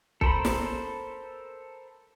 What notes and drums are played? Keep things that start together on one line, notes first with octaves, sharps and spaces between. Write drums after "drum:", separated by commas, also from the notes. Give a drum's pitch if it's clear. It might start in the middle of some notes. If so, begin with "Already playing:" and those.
A4 A#4 C5 A#5 B5, drum: kick
drum: snare